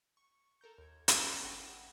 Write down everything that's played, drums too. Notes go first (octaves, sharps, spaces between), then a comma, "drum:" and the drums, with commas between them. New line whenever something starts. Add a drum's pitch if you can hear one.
C#6
A4 A#4 A#5 G6
D#2 G#6
D2 F#3 C#4 F4, drum: hi-hat
G#1 F#5 G5 A#6